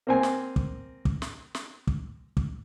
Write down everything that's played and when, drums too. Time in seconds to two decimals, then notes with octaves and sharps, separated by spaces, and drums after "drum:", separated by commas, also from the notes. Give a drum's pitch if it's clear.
0.07 A#3 C4 G#5
0.23 drum: snare
0.56 drum: kick
1.05 drum: kick
1.22 drum: snare
1.55 drum: snare
1.87 drum: kick
2.37 drum: kick